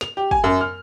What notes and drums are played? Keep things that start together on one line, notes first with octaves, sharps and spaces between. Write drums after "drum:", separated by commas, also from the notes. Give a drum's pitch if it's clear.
F7, drum: snare
G4
G#5, drum: kick
F#2
F6